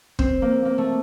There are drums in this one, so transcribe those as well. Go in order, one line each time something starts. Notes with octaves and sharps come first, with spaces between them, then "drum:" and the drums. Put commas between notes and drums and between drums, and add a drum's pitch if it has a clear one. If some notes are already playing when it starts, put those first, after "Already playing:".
C4, drum: kick
A#3
A#3
A3